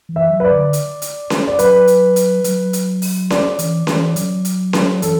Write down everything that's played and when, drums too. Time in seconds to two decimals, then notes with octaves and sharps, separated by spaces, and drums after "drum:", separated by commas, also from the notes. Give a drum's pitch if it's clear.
0.09 E3
0.16 E5
0.30 F#3
0.40 B4
0.44 D5
0.51 D3
0.73 drum: hi-hat
1.02 drum: hi-hat
1.30 drum: snare C#4
1.47 D5
1.59 F#3 B4, drum: hi-hat
1.87 drum: hi-hat
2.16 drum: hi-hat
2.44 F#3, drum: hi-hat
2.73 drum: hi-hat
3.02 drum: open hi-hat
3.30 D5, drum: snare C#4
3.59 E3, drum: hi-hat
3.87 E3, drum: snare C#4
4.16 F#3, drum: hi-hat
4.45 drum: hi-hat
4.73 drum: snare C#4
5.02 E3 A4, drum: hi-hat